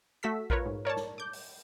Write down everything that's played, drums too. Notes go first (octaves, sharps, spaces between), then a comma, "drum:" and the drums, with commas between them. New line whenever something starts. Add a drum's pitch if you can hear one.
A3 F#4 A4 E6 B6
F4 A#4 B4 C#5, drum: kick A#1
G#2
A#4 C#5 D5 A5
drum: snare
D6 G6
drum: open hi-hat